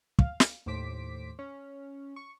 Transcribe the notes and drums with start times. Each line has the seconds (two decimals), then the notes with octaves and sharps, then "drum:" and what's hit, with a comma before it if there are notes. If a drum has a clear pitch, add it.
0.19 F5, drum: kick
0.40 drum: snare
0.66 D#2 A2 C5 D6 B6 D7
1.39 C#4
2.16 C#6